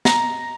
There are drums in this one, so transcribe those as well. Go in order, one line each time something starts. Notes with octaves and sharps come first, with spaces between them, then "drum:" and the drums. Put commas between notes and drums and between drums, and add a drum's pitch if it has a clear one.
A#5, drum: snare